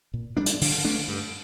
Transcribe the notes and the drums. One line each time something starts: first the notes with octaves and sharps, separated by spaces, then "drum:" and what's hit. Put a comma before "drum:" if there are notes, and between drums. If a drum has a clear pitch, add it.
A#2
G3 A#3 D4
drum: hi-hat
D3, drum: open hi-hat
A3 D4
G2